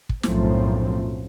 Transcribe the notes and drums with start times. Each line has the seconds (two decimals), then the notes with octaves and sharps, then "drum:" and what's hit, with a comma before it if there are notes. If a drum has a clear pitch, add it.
0.09 drum: kick
0.23 B1 F#2 A2 F3 A3 C4, drum: snare